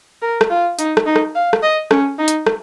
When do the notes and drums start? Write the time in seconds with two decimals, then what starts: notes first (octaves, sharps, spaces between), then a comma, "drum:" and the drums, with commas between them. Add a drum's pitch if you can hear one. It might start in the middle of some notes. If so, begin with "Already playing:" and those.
0.22 A#4
0.41 drum: rim click
0.50 F4
0.79 D#4, drum: hi-hat
0.97 drum: rim click
1.06 D#4
1.16 drum: rim click
1.35 F5
1.53 drum: rim click
1.63 D#5
1.91 C#4, drum: rim click
2.18 D#4
2.28 drum: hi-hat
2.47 drum: rim click